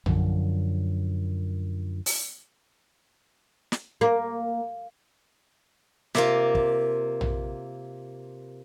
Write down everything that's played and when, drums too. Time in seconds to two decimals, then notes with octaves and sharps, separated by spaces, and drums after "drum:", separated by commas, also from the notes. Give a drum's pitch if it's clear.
0.06 F#2 D3 F3, drum: tom A#1
2.06 drum: open hi-hat
3.72 drum: snare
4.01 A#3
6.15 C3 A#3 F4, drum: snare
6.55 drum: kick
7.21 drum: tom A#1